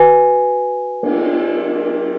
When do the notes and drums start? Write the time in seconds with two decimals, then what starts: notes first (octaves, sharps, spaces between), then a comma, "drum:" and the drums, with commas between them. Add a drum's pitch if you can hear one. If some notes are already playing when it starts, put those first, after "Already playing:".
Already playing: F#4 B4 G#5
1.03 drum: cymbal